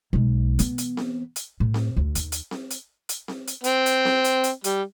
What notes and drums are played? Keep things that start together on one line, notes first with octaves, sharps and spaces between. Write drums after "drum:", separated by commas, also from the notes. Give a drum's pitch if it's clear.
B1 G#3
E3 B3, drum: hi-hat
drum: hi-hat
drum: snare C4
drum: hi-hat
A2
drum: snare C4
D2
D#2, drum: hi-hat
drum: hi-hat
drum: snare C4
drum: hi-hat
drum: hi-hat
drum: snare C4
drum: hi-hat
C4, drum: hi-hat
drum: hi-hat
drum: snare C4
drum: hi-hat
drum: hi-hat
G3, drum: hi-hat